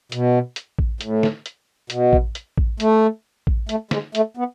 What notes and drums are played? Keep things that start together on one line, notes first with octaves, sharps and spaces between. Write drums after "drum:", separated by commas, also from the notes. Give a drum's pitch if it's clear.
B2, drum: hi-hat
drum: hi-hat
drum: kick A1
A2, drum: hi-hat
drum: snare
drum: hi-hat
B2, drum: hi-hat
drum: kick A1
drum: hi-hat
drum: kick A1
A3, drum: hi-hat
drum: kick A1
A3, drum: hi-hat
G#3, drum: snare
A3, drum: hi-hat
B3